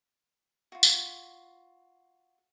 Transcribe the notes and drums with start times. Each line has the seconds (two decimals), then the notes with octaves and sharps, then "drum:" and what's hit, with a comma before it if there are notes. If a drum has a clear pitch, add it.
0.72 F4 F#4
0.83 drum: tambourine